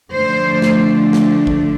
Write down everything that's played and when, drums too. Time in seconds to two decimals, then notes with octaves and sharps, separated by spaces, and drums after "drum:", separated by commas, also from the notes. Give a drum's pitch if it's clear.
0.11 D3 F3 A3 D4 C5
0.62 drum: snare
1.13 drum: snare
1.47 drum: kick A1